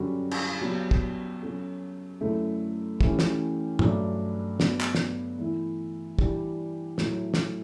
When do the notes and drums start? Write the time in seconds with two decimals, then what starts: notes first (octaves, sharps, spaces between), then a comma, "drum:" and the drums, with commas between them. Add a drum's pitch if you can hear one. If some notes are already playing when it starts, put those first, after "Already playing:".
Already playing: F#2 D3 G3 C#4 F#4
0.31 drum: cymbal
0.61 F#3 B3 D4 G4
0.91 drum: kick
1.41 F#3 C#4 F#4 A4
2.20 F#2 D3 A3 E4 A4
3.01 E3 A3 C#4 G4, drum: kick
3.19 drum: snare
3.79 G2 F#3 A3 D4, drum: tom
4.60 D3 F#3 B3 D4, drum: snare
4.81 drum: clap
4.95 drum: snare
5.39 E3 A3 E4
6.19 E3 G3 D4 G4, drum: kick
6.98 A2 F#3 A3, drum: snare
7.34 drum: snare